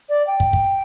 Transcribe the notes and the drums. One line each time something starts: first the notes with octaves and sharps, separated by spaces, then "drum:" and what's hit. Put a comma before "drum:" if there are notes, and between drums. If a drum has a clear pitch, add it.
D5
G5
drum: kick
drum: kick